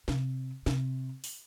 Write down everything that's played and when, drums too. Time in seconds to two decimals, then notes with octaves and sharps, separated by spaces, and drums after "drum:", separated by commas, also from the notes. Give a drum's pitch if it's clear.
0.08 C3, drum: snare
0.66 C3, drum: snare
1.24 drum: open hi-hat